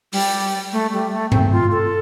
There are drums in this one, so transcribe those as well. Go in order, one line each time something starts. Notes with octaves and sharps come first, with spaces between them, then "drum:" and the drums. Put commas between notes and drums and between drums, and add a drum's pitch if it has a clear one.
G3, drum: open hi-hat
A3
G3
A3
C4, drum: tom G2
F4
A4